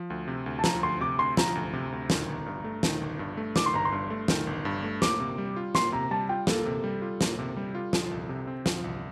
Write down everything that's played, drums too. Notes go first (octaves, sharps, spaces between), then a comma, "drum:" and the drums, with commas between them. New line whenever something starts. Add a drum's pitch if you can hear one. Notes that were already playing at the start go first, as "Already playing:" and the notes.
Already playing: F3
D2
C3
D2
A5
F3 A#5, drum: snare
D2 C6
C3 D6
D2 C6
F3 A#5, drum: snare
D2
C3
D2
D#3, drum: snare
G1
G2
A3
D#3, drum: snare
G1
G2
A3
D#3 D6, drum: snare
C6
G1 A#5
C6
G2
A3
D#3, drum: snare
G1
G2
A3
A#3 D6, drum: snare
C3
G3
F4
A#3 C6, drum: snare
C3 A#5
G3 A5
F4 G5
A#3 A4, drum: snare
C3
G3
F4
A#3, drum: snare
C3
G3
F4
F3, drum: snare
C2
C3
C4
F3, drum: snare
C2